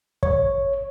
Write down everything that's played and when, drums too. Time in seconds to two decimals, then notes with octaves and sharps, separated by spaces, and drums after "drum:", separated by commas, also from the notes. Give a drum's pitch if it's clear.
0.23 C#5, drum: kick